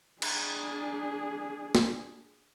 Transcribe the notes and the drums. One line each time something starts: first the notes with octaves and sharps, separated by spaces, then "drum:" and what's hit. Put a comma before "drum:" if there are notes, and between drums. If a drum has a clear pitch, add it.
D4 G#4, drum: cymbal
drum: snare